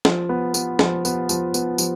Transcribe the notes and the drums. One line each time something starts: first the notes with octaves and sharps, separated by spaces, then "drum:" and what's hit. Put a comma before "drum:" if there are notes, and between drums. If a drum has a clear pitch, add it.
F3, drum: snare
B3
B3, drum: tambourine
F3, drum: snare
B3, drum: tambourine
F3, drum: tambourine
B3, drum: tambourine
F3, drum: tambourine